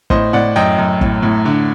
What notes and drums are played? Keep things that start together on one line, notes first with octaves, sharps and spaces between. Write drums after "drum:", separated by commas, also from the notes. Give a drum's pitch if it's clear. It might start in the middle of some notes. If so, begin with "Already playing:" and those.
A2 C5 D#5, drum: kick
A2 D5 F#5
F#2 D#5 G5
F#2
A2, drum: kick
A2
D3